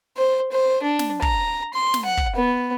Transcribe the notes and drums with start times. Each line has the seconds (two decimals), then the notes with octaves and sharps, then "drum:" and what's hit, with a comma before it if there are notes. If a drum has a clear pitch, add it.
0.17 C5
0.52 C5
0.83 D4
0.99 drum: snare
1.22 A#5, drum: kick
1.74 C6
1.94 drum: snare
2.05 F#5
2.17 drum: kick
2.36 B3